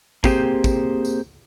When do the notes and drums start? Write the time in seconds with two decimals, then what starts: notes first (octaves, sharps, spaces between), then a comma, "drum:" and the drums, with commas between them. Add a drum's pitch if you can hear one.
0.24 A#3 C4 G4 G#4 C5, drum: kick, tambourine
0.64 drum: kick, tambourine
1.05 drum: tambourine